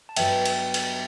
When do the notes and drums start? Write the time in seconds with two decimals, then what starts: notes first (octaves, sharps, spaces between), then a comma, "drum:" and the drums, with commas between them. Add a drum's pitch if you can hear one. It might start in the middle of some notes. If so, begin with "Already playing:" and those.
0.09 A5
0.16 G2 F#3 B3 E5 G5, drum: cymbal
0.45 drum: cymbal
0.74 drum: cymbal